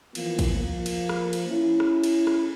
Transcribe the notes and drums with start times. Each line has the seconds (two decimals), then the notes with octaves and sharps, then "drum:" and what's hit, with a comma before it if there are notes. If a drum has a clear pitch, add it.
0.15 E3 F3 A#3 B3 F4, drum: cymbal
0.39 drum: kick, cymbal
0.55 F3 A#3
0.86 drum: cymbal
1.09 drum: rim click
1.33 drum: cymbal
1.48 C#4 E4
1.80 drum: rim click
2.04 drum: cymbal
2.27 drum: rim click